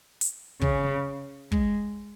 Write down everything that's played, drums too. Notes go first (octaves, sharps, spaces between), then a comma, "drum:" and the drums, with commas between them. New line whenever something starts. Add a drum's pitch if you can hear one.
drum: hi-hat
C#3, drum: kick
G#3, drum: kick